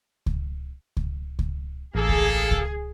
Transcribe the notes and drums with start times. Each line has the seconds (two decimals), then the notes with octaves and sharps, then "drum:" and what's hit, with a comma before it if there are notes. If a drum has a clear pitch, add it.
0.26 drum: kick C#2
0.97 drum: kick C#2
1.39 drum: kick C#2
1.95 A1 A#3 G#4 A4
2.09 drum: kick C#2
2.51 drum: kick C#2